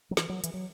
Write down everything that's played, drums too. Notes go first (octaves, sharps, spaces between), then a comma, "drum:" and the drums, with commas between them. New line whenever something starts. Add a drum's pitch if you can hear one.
F#3
E3, drum: snare
F#3
E3, drum: hi-hat
F#3